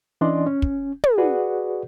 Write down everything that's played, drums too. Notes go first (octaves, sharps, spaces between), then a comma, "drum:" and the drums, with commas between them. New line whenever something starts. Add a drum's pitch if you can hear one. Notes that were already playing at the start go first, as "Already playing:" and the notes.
E3 C#4 D4 D5 D#5 C6
C#4
drum: kick
drum: tom
F#4 G#4 B4 D5 F#5